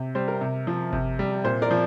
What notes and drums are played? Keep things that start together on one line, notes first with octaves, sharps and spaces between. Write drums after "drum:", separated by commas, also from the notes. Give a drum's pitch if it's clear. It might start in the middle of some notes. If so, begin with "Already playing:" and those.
Already playing: C3
G3 C5
A#4
C3
F3
C3, drum: kick G1
G3
A#2 C5
A#4 D5
F3